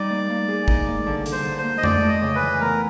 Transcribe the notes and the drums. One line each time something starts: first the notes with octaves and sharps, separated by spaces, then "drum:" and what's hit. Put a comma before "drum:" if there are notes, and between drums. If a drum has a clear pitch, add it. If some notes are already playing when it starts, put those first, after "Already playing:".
Already playing: G3 D#4 D5
A#3
A#3
G#4
D#4, drum: kick
A#3
D3
D3, drum: hi-hat
C5
D3
C5
A#3
D#5
A3 D5, drum: tom F2
A3
D#5
C#3
B4
E3
B3 A#4